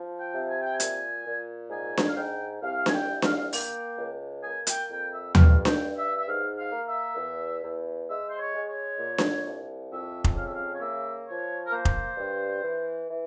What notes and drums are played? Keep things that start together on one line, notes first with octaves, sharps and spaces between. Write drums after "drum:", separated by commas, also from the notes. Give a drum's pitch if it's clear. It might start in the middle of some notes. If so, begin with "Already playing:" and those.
Already playing: F3
G5
C3
G#5
G5
G#5
A#2, drum: hi-hat
A#2
G#2 G#5
drum: snare D4
F5
G#2 G5
C2 F5
G#5, drum: snare D4
G5
C2
F5, drum: snare D4
A#3 G5, drum: open hi-hat
C#2
A#3 G#5
G5, drum: hi-hat
F2 G5
E5
G2 F5, drum: tom D#2
G5, drum: snare D4
G2
E5
E5
G#2 F5
F5
A#3
E5
E2
E2
G#3 E5
C5
C#5
G#3
C#5
A#2
drum: snare D4
C2
F2 E5
drum: kick F1
C#3 F5
E5
F5
C#5
A#3 E5
F3 C#5
A#4
A#3 C5
drum: kick F1
G2
E3
E3